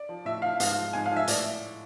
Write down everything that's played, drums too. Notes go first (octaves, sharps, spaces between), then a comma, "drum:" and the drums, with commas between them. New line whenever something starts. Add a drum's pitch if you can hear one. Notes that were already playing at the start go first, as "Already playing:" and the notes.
Already playing: D5
F3
A2 E5
F3 F5
G#2 F5, drum: hi-hat
F3
G#2 G#5
F5
F3 E5
A2 D5, drum: hi-hat